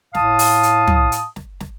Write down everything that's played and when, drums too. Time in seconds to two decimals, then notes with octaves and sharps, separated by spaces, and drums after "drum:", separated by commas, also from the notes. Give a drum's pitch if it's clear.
0.14 A2 F5 A5 D#6, drum: snare
0.39 drum: open hi-hat
0.63 drum: hi-hat
0.87 drum: tom
1.12 drum: hi-hat
1.36 drum: snare
1.60 drum: snare